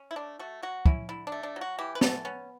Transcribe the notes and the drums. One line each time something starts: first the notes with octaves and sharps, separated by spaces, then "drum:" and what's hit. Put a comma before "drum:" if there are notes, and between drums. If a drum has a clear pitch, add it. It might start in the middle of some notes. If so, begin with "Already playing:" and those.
Already playing: C#4
E4
A3 D4
A3 F#4
F#3 F#4
C#4 E4, drum: kick
D3 E4
D4
A3
D4
F#3
F#4
E3 G4
B4
B3 A4, drum: snare
B3 C#4